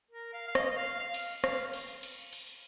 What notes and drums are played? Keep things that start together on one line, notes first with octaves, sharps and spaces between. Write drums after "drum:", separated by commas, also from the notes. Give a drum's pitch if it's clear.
A#4
F5
F5
D#5, drum: rim click
D#5
F5
F5
drum: cymbal
F5, drum: rim click
drum: cymbal
drum: cymbal
drum: cymbal